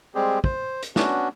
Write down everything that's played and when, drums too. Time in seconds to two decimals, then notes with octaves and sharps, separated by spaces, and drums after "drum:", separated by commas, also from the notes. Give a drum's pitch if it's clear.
0.15 G3 G#3 C4 G4 G#4
0.44 C5, drum: kick
0.83 drum: hi-hat
0.96 B3 C#4 D4 F#4, drum: snare